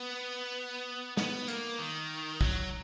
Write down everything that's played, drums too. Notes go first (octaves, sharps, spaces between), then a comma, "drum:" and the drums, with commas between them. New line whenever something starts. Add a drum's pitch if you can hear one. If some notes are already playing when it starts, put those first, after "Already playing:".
Already playing: B3
B3, drum: snare
A#3, drum: hi-hat
D#3
F#3, drum: kick